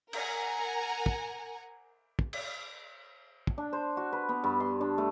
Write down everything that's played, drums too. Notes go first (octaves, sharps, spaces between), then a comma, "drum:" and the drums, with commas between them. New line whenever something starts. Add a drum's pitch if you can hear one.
A#4 F#5 G#5 A#5, drum: cymbal
drum: kick
drum: kick
drum: cymbal
drum: kick
D4
C5
F#4
B4
B3
G2
C6
D4
A3